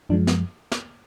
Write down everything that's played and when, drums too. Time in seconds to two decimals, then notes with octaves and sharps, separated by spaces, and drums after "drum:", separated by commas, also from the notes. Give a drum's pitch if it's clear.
0.09 F#2 F3 G#3 D4
0.27 B3, drum: snare
0.72 drum: snare